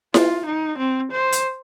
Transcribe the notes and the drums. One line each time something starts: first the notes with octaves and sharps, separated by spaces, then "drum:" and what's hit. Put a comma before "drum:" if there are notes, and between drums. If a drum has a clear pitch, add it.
F4, drum: snare E4
D#4
C4
C5
drum: hi-hat